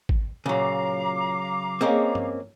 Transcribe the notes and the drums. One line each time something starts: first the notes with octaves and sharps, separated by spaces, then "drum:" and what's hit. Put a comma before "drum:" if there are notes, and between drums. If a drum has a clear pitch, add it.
drum: kick G#1
A#2 C#3 F#3 F5 A#5 D6
A#3 C4 C#4 G#4 D#5
drum: tom G2